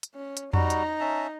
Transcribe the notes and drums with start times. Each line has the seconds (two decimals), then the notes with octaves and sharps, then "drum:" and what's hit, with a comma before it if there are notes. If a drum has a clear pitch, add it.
0.03 drum: hi-hat
0.15 C#4
0.37 drum: hi-hat
0.53 G3 D#4 F#4 A#5, drum: tom F2
0.70 drum: hi-hat
1.00 C#4 E5 A5